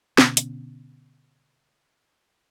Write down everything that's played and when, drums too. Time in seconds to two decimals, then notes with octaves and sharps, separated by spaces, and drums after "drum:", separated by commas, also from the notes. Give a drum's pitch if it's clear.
0.18 B2 D3 B3 C#4, drum: snare
0.37 drum: hi-hat